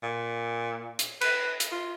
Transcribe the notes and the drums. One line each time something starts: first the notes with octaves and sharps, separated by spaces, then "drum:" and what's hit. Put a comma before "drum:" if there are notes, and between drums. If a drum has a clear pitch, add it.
A#2
drum: hi-hat
B4, drum: cymbal
drum: hi-hat
F4